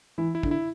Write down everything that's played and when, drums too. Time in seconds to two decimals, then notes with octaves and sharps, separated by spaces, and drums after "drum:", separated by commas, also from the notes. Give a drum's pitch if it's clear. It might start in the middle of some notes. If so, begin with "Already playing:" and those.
0.18 E3 E4
0.35 E4
0.43 D3, drum: kick
0.51 E4